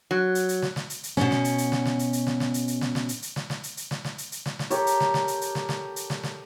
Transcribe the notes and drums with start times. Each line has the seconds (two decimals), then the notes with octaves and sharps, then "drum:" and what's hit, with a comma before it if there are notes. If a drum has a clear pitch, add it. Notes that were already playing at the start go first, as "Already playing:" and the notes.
0.11 F#3
0.35 drum: hi-hat
0.49 drum: hi-hat
0.62 drum: snare
0.76 drum: snare
0.90 drum: hi-hat
1.03 drum: hi-hat
1.17 B2 C#4, drum: snare
1.31 drum: snare
1.44 drum: hi-hat
1.58 drum: hi-hat
1.72 drum: snare
1.86 drum: snare
1.99 drum: hi-hat
2.13 drum: hi-hat
2.27 drum: snare
2.40 drum: snare
2.54 drum: hi-hat
2.68 drum: hi-hat
2.81 drum: snare
2.95 drum: snare
3.09 drum: hi-hat
3.22 drum: hi-hat
3.36 drum: snare
3.50 drum: snare
3.63 drum: hi-hat
3.77 drum: hi-hat
3.91 drum: snare
4.05 drum: snare
4.18 drum: hi-hat
4.32 drum: hi-hat
4.46 drum: snare
4.59 drum: snare
4.70 G4 A4 A#4 C#5, drum: hi-hat
4.87 drum: hi-hat
5.00 drum: snare
5.14 drum: snare
5.28 drum: hi-hat
5.41 drum: hi-hat
5.55 drum: snare
5.69 drum: snare
5.96 drum: hi-hat
6.10 drum: snare
6.23 drum: snare